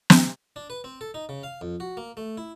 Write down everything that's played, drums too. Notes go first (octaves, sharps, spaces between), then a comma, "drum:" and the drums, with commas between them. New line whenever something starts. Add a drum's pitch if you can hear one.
drum: snare
D4
B4
C4
A4
D#4
C#3
F5
F2
F#4
A#3
A3
E4